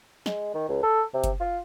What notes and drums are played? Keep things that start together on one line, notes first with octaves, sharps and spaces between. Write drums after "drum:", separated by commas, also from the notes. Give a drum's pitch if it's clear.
G#3, drum: snare
D#3
C#2
A4
C3
drum: kick F#1, hi-hat
F4